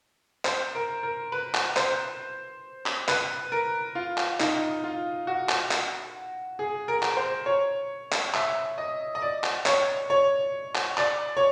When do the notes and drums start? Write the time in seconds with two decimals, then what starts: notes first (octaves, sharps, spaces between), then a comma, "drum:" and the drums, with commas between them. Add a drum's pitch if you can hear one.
0.45 C5, drum: clap
0.75 A#4
1.03 A#4
1.32 B4
1.55 drum: clap
1.77 C5, drum: clap
2.86 drum: clap
3.08 B4, drum: clap
3.52 A#4
3.95 F4
4.18 drum: clap
4.40 D#4, drum: clap
4.84 F4
5.27 F#4
5.49 drum: clap
5.71 drum: clap
6.59 G#4
6.88 A#4
7.03 drum: clap
7.17 C5
7.46 C#5
8.12 drum: clap
8.34 E5, drum: clap
8.78 D#5
9.15 D#5
9.22 D5
9.44 drum: clap
9.66 C#5, drum: clap
10.10 C#5
10.75 drum: clap
10.98 D5, drum: clap
11.37 C#5